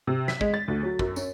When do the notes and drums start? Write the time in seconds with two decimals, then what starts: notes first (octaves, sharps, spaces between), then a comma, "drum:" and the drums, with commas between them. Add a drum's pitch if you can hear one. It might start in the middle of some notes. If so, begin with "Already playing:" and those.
0.07 C3
0.28 B6, drum: snare
0.41 G#3, drum: kick
0.54 A6
0.68 D2
0.83 F#3
0.99 F#2, drum: kick
1.16 C#4, drum: tambourine